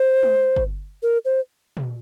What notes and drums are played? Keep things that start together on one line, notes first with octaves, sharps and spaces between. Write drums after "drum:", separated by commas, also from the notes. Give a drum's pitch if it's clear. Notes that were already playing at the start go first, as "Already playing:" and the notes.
Already playing: C5
drum: tom G#3
drum: kick G1
A#4
C5
drum: tom